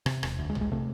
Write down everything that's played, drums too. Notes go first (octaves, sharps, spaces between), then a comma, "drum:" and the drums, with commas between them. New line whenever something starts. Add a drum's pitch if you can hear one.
C3, drum: rim click
E1, drum: rim click
D2
G#3
E1, drum: tom
G#3
C3 A3